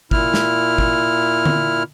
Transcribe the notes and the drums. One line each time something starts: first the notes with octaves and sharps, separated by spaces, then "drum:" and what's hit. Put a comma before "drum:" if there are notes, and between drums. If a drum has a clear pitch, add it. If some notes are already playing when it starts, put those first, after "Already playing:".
A#2 E4 F6, drum: kick
drum: snare
drum: kick
drum: tom D3